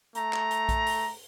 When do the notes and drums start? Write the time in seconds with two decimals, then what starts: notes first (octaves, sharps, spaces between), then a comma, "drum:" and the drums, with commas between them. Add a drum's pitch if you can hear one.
0.15 A3 A#5, drum: hi-hat
0.33 drum: clap
0.51 drum: hi-hat
0.69 drum: kick A#1, hi-hat
0.87 drum: open hi-hat